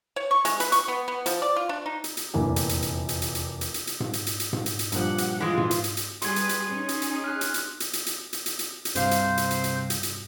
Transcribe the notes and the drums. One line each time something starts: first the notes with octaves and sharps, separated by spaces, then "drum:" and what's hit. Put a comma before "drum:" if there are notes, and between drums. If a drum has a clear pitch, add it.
C#5
C#6
G#3, drum: hi-hat
B4, drum: hi-hat
C#6, drum: hi-hat
B3
B3
F3, drum: hi-hat
D5
F4
D4
D#4
drum: hi-hat
drum: hi-hat
F1 A#1 E2 A#3 G#5
drum: hi-hat
drum: hi-hat
drum: hi-hat
drum: hi-hat
drum: hi-hat
drum: hi-hat
drum: hi-hat
drum: hi-hat
drum: hi-hat
drum: tom G#2
drum: hi-hat
drum: hi-hat
drum: hi-hat
drum: tom G#2
drum: hi-hat
drum: hi-hat
G2 A#2 F3 G4 F#5, drum: hi-hat
drum: hi-hat
E3 G#3 F4
drum: tom G#2
drum: hi-hat
drum: hi-hat
drum: hi-hat
G3 G#4 B4 C6 G#6, drum: hi-hat
drum: hi-hat
drum: hi-hat
C#4 D#4 G#4
drum: hi-hat
drum: hi-hat
F6 F#6
drum: hi-hat
drum: hi-hat
drum: hi-hat
drum: hi-hat
drum: hi-hat
drum: hi-hat
drum: hi-hat
drum: hi-hat
drum: hi-hat
C2 G2 C3 C5 F5, drum: hi-hat
drum: hi-hat
drum: hi-hat
drum: hi-hat
drum: hi-hat
drum: hi-hat
drum: hi-hat